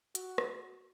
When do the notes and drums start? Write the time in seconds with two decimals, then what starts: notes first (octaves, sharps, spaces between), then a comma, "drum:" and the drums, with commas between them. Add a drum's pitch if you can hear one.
0.15 F#4, drum: hi-hat
0.38 drum: rim click